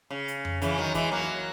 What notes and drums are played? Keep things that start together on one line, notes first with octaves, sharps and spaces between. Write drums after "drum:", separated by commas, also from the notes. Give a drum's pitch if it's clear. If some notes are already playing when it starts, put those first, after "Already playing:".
C#3
drum: hi-hat
drum: tom F2
C#3 E3, drum: hi-hat
D#3 F#3
E3 G#3, drum: kick, hi-hat
F#3 A#3